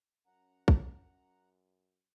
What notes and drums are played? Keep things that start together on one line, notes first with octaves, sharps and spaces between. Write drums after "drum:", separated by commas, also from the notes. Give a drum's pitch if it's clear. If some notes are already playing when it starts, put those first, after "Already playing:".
F#2 C#4 F#5 A#5
drum: kick